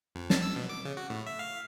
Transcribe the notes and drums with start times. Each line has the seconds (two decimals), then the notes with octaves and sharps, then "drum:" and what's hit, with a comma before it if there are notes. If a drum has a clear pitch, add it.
0.15 F2
0.30 A5, drum: snare
0.42 E6
0.56 B2
0.69 D6
0.85 C#3
0.97 F#4
1.10 A2
1.26 E5
1.39 F5